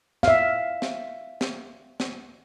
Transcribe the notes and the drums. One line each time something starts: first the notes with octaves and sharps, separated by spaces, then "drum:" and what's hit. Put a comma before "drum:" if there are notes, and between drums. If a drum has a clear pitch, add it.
E5 F5, drum: snare
drum: snare
drum: snare
drum: snare